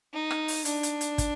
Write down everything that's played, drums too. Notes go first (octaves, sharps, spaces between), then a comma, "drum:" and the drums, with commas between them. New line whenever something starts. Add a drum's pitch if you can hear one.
D#4
drum: rim click
drum: open hi-hat
D4, drum: hi-hat
drum: hi-hat
drum: hi-hat
drum: kick, hi-hat